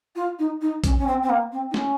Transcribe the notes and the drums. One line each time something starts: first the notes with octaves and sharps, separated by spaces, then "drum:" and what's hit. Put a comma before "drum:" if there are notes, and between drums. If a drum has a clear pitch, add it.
F4
D#4
D#4
C#4, drum: kick A#1, hi-hat
C#4
C4
C4
A#3
C4
D#4
C#4, drum: snare